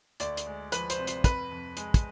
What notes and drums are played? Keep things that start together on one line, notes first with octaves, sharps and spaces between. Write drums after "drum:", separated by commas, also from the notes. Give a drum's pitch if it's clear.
D2 D5, drum: hi-hat
drum: hi-hat
G#3
F3 B4, drum: hi-hat
C5, drum: hi-hat
C3
C5, drum: hi-hat
F2 B4, drum: kick, hi-hat
F2
G#3, drum: hi-hat
drum: kick, hi-hat